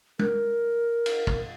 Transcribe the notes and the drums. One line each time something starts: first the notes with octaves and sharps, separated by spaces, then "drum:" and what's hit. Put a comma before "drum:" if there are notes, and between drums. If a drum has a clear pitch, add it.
A#4, drum: tom
drum: cymbal
drum: kick